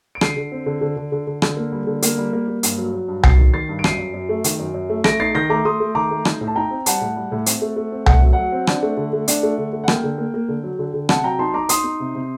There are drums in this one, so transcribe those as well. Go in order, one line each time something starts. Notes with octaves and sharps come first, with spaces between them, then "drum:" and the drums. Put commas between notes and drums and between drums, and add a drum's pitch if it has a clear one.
D7
D3 C7 D#7, drum: rim click
D3
C4
D3
D3
D3
D3
D3
D3, drum: rim click
A#3
G3
D3
A#3, drum: hi-hat
G3
A#3
A#3
G2, drum: hi-hat
F#3
F#3
G2
F#3 A6 C7, drum: tom C2
D#3
D#3 A6 C7
G2
D7
F#2 C7 D#7, drum: rim click
F#2
F#2
A3
D#3, drum: hi-hat
F#2
F#2
A3
A3 A#6 D7, drum: rim click
D#4 A6 C7
D#3 G6 A#6
A3 A#5 D6
A3 C6 D#6
A3
D#3 A#5 D6
A3
D#4, drum: rim click
A2
A5
D#4 G5 A#5
C4
G3 F#5 A5, drum: hi-hat
A2
G3
A2
C4, drum: hi-hat
A3
A3
C4
A3 F#5, drum: tom C2
F#3
F#3 F#5
C4
D4, drum: rim click
A3
D3
A3
D4, drum: hi-hat
A3
D3
A3
F#5
A#3 G5, drum: rim click
D3
A#3
A#3
D3
F#3
D3
D3
C3 F#5 A5, drum: rim click
F#3 G5 A#5
D#4 A5 C6
D#4 A#5 D6
D#4 C6 D#6, drum: hi-hat
D#4
C3
C3